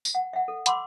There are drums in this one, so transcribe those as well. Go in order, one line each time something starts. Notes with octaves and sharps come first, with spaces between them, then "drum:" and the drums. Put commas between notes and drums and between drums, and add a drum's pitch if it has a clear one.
drum: tambourine
F#5
E5 F#5
A4
F#5 B5 C6 D6 E6, drum: hi-hat